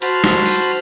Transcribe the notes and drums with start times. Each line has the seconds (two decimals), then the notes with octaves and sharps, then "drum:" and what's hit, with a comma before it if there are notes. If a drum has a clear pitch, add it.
0.02 F#4 C5 A5 B5 F6, drum: hi-hat
0.24 drum: snare
0.46 drum: open hi-hat